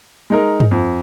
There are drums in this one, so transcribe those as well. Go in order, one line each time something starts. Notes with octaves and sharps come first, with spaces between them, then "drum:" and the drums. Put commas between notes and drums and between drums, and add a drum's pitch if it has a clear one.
G#3 D#4 A#4
drum: tom G2
F2